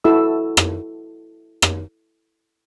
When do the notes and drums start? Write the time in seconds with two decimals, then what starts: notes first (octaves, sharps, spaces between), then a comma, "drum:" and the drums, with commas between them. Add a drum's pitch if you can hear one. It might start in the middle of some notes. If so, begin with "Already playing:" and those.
0.04 E4 F#4 A4 E6
0.57 drum: rim click
1.62 drum: rim click